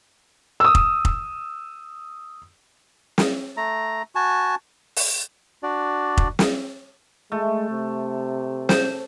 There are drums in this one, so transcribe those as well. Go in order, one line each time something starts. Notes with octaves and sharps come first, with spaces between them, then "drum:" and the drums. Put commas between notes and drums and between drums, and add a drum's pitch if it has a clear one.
D#6 E6
drum: kick F1
drum: kick F1
drum: snare
A3 A#5
F#4 G#5 A5
drum: open hi-hat
D4 F#4 D5
drum: kick F1
drum: snare
G#3 A3
C3
C5, drum: snare